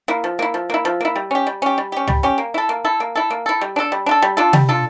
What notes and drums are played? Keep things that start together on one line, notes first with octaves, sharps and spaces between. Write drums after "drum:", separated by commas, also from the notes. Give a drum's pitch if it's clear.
A#3 E4
F3
A#3 E4
F3
A#3 E4
F3
A#3 E4
G3
C#4 G4
G3
C#4 G4
G3
C#4 G4
G3, drum: tom C#2
C#4 G4
A#3
E4 A4
A#3
E4 A4
A#3
E4 A4
A#3
E4 A4
G3
D4 F4 A4
G3
D4 F4 A4
G3
D4 F4 A4
G3, drum: tom C3
D4 F4 A4